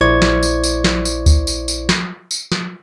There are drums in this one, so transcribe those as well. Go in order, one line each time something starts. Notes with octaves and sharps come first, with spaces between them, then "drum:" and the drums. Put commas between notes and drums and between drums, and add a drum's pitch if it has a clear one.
A#1 E4 C5 D5 C#6 G#6
drum: snare
drum: tambourine
drum: tambourine
drum: snare
drum: tambourine
drum: kick D2, tambourine
drum: tambourine
drum: tambourine
drum: snare
drum: tambourine
drum: snare